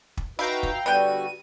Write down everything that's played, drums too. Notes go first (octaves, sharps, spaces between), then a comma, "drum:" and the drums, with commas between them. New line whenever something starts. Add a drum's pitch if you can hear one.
drum: kick
D#4 E4 F#4 B4 F5 G5 A#5
drum: kick
D3 G3 B3 F#4 G5 D#7